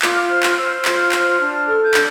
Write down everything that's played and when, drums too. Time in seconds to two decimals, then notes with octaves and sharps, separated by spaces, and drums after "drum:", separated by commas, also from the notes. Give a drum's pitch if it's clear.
0.02 F4 D6, drum: clap
0.16 F6
0.29 C5 F6
0.43 F6, drum: clap
0.57 C5 E6
0.75 F6
0.85 F4, drum: clap
0.93 F6
1.12 C5 F6, drum: clap
1.30 F6
1.39 D4
1.48 F6
1.67 A4 F6
1.85 G6
1.94 D4, drum: clap